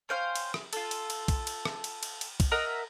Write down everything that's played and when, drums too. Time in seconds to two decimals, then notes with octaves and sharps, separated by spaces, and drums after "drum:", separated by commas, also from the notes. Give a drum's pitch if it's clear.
0.09 C#4 C5 F5 G5
0.35 drum: cymbal
0.54 drum: rim click
0.73 F4 A4, drum: cymbal
0.91 drum: cymbal
1.10 drum: cymbal
1.28 drum: kick B1, cymbal
1.47 drum: cymbal
1.65 drum: rim click
1.84 drum: cymbal
2.03 drum: cymbal
2.21 drum: cymbal
2.40 drum: kick B1, cymbal
2.52 A#4 D#5 E5 F#5